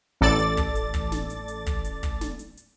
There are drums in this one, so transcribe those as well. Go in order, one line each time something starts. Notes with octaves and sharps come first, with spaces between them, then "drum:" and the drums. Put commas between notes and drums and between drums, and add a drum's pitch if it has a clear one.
A1 A4 D5 A6
drum: hi-hat
drum: kick, hi-hat
drum: hi-hat
drum: kick, hi-hat
drum: snare
drum: hi-hat
drum: hi-hat
drum: kick, hi-hat
drum: hi-hat
drum: kick, hi-hat
drum: snare
drum: hi-hat
drum: hi-hat